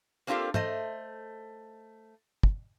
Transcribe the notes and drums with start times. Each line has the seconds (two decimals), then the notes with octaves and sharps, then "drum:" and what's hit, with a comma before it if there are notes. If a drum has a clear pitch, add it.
0.27 A#3 C4 D4 F4 G4 A4
0.54 A3 C5 D#5, drum: tom G#2
2.43 drum: kick